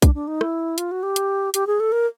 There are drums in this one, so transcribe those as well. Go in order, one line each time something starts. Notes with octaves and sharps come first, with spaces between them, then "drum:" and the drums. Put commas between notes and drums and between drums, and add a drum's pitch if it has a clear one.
D4, drum: kick, hi-hat
D4
D#4
E4, drum: rim click
F4, drum: hi-hat
F#4
G4
drum: hi-hat
G4, drum: hi-hat
G#4
A4
A#4